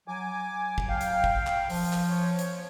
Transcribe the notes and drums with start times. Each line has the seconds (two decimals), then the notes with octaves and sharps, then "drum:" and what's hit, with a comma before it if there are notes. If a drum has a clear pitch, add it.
0.08 F#3 G#5 D6
0.78 drum: kick
0.89 F5 G5
1.01 drum: hi-hat
1.24 drum: kick
1.47 drum: clap
1.70 F3, drum: open hi-hat
1.93 drum: clap
2.10 C#5
2.39 drum: hi-hat